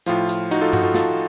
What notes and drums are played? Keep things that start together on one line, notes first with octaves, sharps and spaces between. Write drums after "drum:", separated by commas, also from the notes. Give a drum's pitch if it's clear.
A2 F3 F4, drum: hi-hat
F4, drum: hi-hat
D#4 F#4, drum: hi-hat
F4 A4
D#4 F#4, drum: tom G2
F4 A4
F4 A4, drum: snare